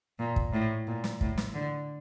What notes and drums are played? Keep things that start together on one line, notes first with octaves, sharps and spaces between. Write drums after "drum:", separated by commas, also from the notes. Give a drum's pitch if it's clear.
A#2
drum: kick
A2
A#2
drum: snare
A2, drum: kick
drum: snare
D3